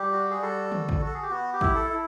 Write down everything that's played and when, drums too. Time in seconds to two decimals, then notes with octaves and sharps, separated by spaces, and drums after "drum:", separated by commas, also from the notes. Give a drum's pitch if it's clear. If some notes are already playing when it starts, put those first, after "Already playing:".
Already playing: G3 G4
0.13 F#4
0.31 G#4
0.42 G3 A4
0.72 F#4, drum: tom D3
0.89 drum: kick
1.01 F#4 A4
1.14 G#4
1.23 G4
1.30 B3 F#4
1.53 G4
1.61 E4, drum: kick
1.75 A4
1.90 E4